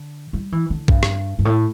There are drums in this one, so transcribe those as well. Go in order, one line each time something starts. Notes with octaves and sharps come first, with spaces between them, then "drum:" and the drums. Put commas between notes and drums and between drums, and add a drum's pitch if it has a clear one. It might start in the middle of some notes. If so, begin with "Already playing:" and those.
Already playing: D3
G3
E3
D3
G2, drum: kick A#1
drum: rim click
G2
A2